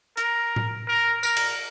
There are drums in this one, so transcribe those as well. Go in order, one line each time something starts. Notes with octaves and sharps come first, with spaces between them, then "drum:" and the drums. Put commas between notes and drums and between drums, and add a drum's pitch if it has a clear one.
A#4, drum: hi-hat
drum: tom A2
A#4
A#4, drum: tambourine
drum: cymbal